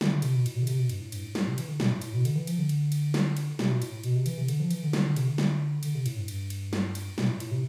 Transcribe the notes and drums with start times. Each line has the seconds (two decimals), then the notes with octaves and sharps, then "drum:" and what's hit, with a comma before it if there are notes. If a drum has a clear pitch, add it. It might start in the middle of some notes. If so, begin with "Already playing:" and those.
0.01 D3, drum: snare
0.12 D3
0.22 C3, drum: cymbal
0.34 B2
0.46 A2, drum: cymbal
0.56 B2
0.63 D3
0.67 C3, drum: cymbal
0.79 B2
0.89 G2, drum: cymbal
1.01 A2
1.12 G2, drum: cymbal
1.24 A2
1.35 A2, drum: snare
1.47 C3
1.58 E3, drum: cymbal
1.68 D3
1.80 B2, drum: snare
1.91 A2
2.02 A2, drum: cymbal
2.13 B2
2.25 D3, drum: cymbal
2.35 E3
2.47 F3, drum: cymbal
2.58 D3
2.69 drum: cymbal
2.92 drum: cymbal
3.14 drum: snare
3.37 drum: cymbal
3.59 C3, drum: snare
3.70 B2
3.82 A2, drum: cymbal
4.04 B2, drum: cymbal
4.15 C3
4.26 E3, drum: cymbal
4.38 C3
4.48 D3, drum: cymbal
4.60 F3
4.71 E3, drum: cymbal
4.83 D3
4.93 D3, drum: snare
5.05 D3
5.16 C3, drum: cymbal
5.27 D3
5.38 drum: snare
5.83 D3, drum: cymbal
5.95 C3
6.06 A2, drum: cymbal
6.16 G2
6.28 G2, drum: cymbal
6.50 drum: cymbal
6.73 drum: snare
6.95 drum: cymbal
7.18 B2, drum: snare
7.29 A2
7.40 A2, drum: cymbal
7.51 C3